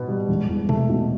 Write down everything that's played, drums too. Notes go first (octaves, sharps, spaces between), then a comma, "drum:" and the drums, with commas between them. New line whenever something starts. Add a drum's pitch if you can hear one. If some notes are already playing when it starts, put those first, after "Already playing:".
Already playing: B2 B3
G3
E1
E2
A3, drum: tom B2
B2